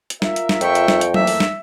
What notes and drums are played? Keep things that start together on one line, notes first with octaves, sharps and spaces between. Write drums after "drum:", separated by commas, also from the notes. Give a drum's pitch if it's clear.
drum: hi-hat
F4 A#4 E5, drum: snare
drum: hi-hat
drum: snare
F2 G5 C#6, drum: hi-hat
drum: hi-hat
drum: snare
drum: hi-hat
E3 A3 A#3 E5, drum: tom F#3
drum: open hi-hat
drum: snare